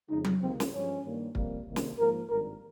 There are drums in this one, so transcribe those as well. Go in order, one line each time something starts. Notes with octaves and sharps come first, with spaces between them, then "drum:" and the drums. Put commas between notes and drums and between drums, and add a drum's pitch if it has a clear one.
F2 C#3 G#3 D#4
drum: tom F#3
C#2 C3 D#3 A#3 C4
drum: snare
G2 F3 G#3 C#4
G2 D#3 G3 A#3
F2 C3 G3 A#3, drum: kick
C2 C3 D#3 A#3
drum: snare
G#2 F3 A#3 A#4
G#1 G2 G3 A#4